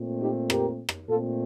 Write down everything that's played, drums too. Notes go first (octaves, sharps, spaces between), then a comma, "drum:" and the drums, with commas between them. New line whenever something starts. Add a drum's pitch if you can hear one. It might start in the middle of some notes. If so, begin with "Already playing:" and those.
Already playing: A#2 A3 C4
D#4 G4
G4 A#4, drum: rim click
drum: rim click
A#2 A3 C4 F4 A4